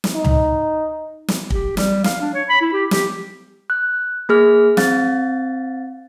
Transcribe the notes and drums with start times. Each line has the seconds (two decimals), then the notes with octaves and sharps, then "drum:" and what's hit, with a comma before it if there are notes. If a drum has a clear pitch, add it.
0.04 drum: snare
0.15 D#4
0.24 drum: tom C#2
1.28 drum: snare
1.50 G4, drum: kick
1.77 G3, drum: snare
2.04 F5, drum: snare
2.21 D4
2.34 C#5
2.49 B5
2.61 E4
2.73 G4
2.91 G4, drum: snare
3.70 F#6
4.29 A#3 G#4 F6
4.77 C4 F5 A6, drum: snare